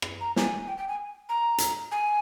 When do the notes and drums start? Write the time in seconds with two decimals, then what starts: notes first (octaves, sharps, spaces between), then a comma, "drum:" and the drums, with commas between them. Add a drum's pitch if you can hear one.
0.02 drum: rim click
0.21 A#5
0.36 G#5, drum: snare
0.67 G5
0.77 G5
0.88 G#5
1.29 A#5
1.58 drum: hi-hat
1.91 G#5